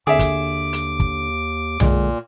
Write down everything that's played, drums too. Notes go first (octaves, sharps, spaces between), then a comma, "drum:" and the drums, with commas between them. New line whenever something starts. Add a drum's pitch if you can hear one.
D#2 D3 G#4 E5 D6
drum: kick, hi-hat
drum: hi-hat
drum: kick
A#2 D3 G#3, drum: tom B1